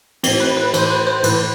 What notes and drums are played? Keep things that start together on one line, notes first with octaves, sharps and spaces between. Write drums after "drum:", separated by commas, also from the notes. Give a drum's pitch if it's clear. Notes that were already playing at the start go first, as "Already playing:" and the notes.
A2 E3 C4, drum: cymbal
B4
B4
A2 E3 C5, drum: cymbal
B4
C5
A2 E3 B4, drum: cymbal